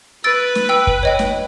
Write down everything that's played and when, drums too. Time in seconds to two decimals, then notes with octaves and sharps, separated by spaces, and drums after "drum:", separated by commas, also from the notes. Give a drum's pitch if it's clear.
0.24 B4 E6 A6 D7
0.55 drum: snare
0.69 G5 E6
0.87 drum: kick
1.03 C#5 D#5 G5
1.19 drum: snare